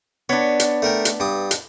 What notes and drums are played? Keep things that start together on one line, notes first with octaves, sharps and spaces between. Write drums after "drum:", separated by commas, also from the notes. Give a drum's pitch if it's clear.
B3 D4 C#5
drum: hi-hat
A3 A#4 G5
drum: hi-hat
G2 D6 D#6
drum: hi-hat